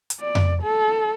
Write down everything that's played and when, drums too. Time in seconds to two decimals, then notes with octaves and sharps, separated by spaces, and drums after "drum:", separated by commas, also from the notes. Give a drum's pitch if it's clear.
0.10 drum: hi-hat
0.21 D5
0.35 drum: tom F2
0.63 A4